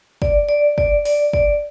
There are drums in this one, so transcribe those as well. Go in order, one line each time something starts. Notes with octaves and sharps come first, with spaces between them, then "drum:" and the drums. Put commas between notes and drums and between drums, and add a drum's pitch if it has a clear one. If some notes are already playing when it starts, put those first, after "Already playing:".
D5, drum: kick
D5
D5, drum: kick
D5, drum: open hi-hat
D5, drum: kick